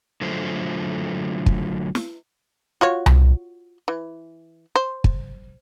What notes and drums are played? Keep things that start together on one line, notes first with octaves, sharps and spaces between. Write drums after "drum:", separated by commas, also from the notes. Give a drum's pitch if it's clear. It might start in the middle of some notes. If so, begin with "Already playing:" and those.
D3 F#3 A3 F4 C5
drum: kick
drum: snare
F4 F#4 C#5
drum: tom C2
E3
C5
drum: kick